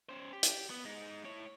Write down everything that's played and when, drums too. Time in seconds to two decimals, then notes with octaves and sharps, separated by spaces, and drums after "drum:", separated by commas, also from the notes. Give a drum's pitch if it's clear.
0.09 C#4 C5
0.33 G4
0.43 drum: hi-hat
0.70 B3
0.85 G#3 D#4
1.24 E4 C#5